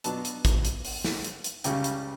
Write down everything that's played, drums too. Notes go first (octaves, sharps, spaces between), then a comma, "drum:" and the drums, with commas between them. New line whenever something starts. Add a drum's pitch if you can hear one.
B2 F#3 B3 D4 A5, drum: hi-hat
drum: hi-hat
drum: kick, hi-hat
drum: hi-hat
drum: open hi-hat
drum: snare
drum: hi-hat
drum: hi-hat
C#2 C#3 G3 C#4 G5, drum: hi-hat
drum: hi-hat